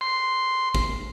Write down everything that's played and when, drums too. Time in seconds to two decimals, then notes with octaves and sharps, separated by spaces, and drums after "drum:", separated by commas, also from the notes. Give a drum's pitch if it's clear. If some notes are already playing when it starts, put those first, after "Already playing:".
0.01 C6
0.75 drum: kick